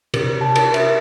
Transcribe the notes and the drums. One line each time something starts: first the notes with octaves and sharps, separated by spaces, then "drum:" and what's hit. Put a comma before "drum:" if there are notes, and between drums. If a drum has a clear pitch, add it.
C3, drum: cymbal
A5
drum: cymbal
E5, drum: cymbal